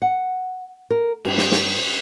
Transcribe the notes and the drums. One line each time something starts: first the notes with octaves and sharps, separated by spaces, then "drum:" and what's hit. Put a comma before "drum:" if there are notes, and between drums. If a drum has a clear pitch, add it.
F#5
A#4
G2, drum: cymbal
drum: snare
drum: snare